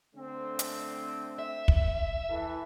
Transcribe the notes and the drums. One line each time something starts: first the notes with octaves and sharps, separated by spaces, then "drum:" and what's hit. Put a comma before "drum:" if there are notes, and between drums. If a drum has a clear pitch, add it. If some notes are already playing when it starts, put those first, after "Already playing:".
D3 A3 C4
drum: hi-hat
E5
drum: kick
E3 E4 A4